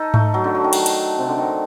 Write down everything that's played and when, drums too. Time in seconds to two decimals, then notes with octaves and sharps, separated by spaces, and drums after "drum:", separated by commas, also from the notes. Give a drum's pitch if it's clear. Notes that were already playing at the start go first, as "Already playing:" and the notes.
Already playing: D#4 A4
0.14 A3, drum: tom G#2
0.34 F#3
0.44 D3
0.55 F#3
0.64 D#3
0.73 F#3, drum: cymbal
0.86 drum: cymbal
1.18 C3
1.29 D3
1.38 D#3